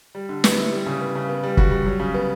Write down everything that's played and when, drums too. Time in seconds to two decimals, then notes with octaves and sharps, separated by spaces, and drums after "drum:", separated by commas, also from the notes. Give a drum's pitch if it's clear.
0.15 G3
0.29 D3
0.44 B3, drum: snare
0.58 E4
0.72 G3
0.86 C#3
1.01 B3
1.15 C#3
1.29 B3
1.43 G3
1.57 F#4, drum: kick
1.71 G3
1.86 F#3
2.00 C#3
2.14 B3